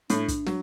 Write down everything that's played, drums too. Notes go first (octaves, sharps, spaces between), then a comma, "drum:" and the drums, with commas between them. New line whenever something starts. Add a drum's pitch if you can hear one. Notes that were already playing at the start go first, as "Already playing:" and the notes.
A2 D4, drum: hi-hat
drum: kick, hi-hat
F#3, drum: snare